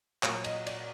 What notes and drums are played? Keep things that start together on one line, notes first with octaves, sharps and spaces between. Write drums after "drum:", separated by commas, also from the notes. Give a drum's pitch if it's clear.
A#2 F#3 A#3 C#5, drum: clap
D#5, drum: cymbal
D5, drum: cymbal